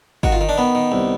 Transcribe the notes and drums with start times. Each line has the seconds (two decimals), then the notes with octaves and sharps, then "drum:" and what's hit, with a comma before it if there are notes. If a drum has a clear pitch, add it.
0.23 D#3 F#4, drum: kick G1
0.32 F4
0.41 D#3
0.49 D4
0.58 D#3 B3
0.75 D#3
0.92 C2